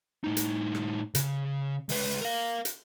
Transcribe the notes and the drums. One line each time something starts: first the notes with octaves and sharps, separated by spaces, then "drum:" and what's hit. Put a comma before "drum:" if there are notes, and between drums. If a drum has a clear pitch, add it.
A2 D#4
drum: hi-hat
drum: rim click
C#3, drum: hi-hat
C#2 B4, drum: open hi-hat
A#4 F5
drum: hi-hat